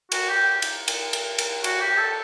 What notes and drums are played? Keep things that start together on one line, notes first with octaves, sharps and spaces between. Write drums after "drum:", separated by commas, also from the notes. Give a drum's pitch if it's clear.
F#4, drum: cymbal
G4
drum: cymbal
drum: cymbal
drum: cymbal
drum: cymbal
F#4, drum: cymbal
G4
A4